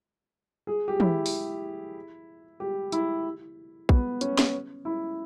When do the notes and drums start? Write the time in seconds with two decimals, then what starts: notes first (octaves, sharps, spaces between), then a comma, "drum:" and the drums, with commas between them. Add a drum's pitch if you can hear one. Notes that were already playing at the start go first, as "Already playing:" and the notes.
0.67 G#4
0.88 G4
1.00 E4, drum: tom
1.26 drum: open hi-hat
2.60 G4
2.92 E4, drum: hi-hat
3.89 B3, drum: kick
4.21 C#4, drum: hi-hat
4.39 drum: snare
4.85 E4